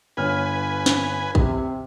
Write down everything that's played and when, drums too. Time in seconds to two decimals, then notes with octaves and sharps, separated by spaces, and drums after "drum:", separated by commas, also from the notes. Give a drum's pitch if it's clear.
0.17 G1 B4 C#5 G#5 F6
0.86 drum: snare
1.35 C3, drum: kick A1